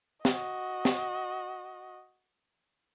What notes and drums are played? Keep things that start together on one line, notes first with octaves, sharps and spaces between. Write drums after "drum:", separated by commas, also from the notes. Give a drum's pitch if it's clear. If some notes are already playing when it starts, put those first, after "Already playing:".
F#4 D#5, drum: snare
drum: snare